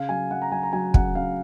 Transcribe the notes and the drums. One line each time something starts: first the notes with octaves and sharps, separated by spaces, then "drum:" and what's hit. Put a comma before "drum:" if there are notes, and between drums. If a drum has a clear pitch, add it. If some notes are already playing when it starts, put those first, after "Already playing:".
Already playing: C#3 F5
F#3 G#5
F#3 F#5
A#5
F#3 G#5
A#5
F#3 G#5
C#3 F#5, drum: kick
C#3 F5